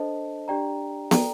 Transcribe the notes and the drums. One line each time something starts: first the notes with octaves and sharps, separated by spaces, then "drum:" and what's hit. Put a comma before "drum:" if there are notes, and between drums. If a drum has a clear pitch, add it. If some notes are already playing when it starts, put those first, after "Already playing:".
Already playing: D4 A4 C5 D#5 A5
D4 G4 D5 G5 A#5
A4 D5 G5 A#5, drum: snare